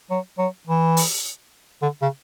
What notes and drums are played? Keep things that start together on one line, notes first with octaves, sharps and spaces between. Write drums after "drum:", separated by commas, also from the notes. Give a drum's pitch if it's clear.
F#3
F#3
E3
drum: open hi-hat
D3
C#3